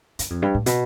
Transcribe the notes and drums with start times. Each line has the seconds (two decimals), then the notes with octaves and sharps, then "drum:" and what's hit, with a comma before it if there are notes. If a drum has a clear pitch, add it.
0.19 F#2, drum: hi-hat
0.30 F2
0.42 G2
0.54 A2
0.66 B2, drum: hi-hat